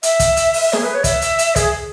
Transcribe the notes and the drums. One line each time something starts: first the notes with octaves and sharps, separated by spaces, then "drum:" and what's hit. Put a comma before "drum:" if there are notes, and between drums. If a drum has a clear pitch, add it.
E5, drum: hi-hat
drum: kick, hi-hat
drum: hi-hat
drum: open hi-hat
G#4, drum: snare
B4
C#5
E5, drum: kick, hi-hat
drum: hi-hat
drum: hi-hat
G#4, drum: kick, hi-hat